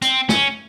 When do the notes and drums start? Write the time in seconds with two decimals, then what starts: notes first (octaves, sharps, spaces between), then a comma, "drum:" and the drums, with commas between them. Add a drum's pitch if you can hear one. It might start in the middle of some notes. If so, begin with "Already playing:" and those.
0.02 C4, drum: hi-hat
0.29 C#4, drum: snare